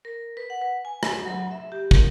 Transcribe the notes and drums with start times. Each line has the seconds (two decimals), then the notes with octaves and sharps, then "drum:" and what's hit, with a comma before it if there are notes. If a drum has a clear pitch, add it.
0.05 A#4
0.37 B4
0.50 F#5
0.62 B4
0.85 G#5
1.03 B4, drum: rim click
1.25 F#3
1.51 E5
1.72 G4
1.91 A#4, drum: kick